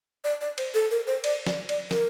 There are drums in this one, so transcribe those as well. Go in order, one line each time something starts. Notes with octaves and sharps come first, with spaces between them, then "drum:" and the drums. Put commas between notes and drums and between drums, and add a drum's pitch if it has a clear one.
D5
D5
C5, drum: cymbal
A4
A#4
C5
D5, drum: cymbal
D5, drum: snare
D5, drum: cymbal
A#4, drum: snare